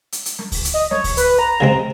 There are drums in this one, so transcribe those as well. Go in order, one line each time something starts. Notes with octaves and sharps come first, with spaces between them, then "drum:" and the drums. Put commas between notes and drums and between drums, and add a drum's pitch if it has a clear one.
drum: hi-hat
drum: hi-hat
drum: snare
drum: kick C#2, open hi-hat
drum: hi-hat
D#5
C#5, drum: snare
drum: kick C#2, open hi-hat
B4, drum: hi-hat
A#5
C#3 G#3 C4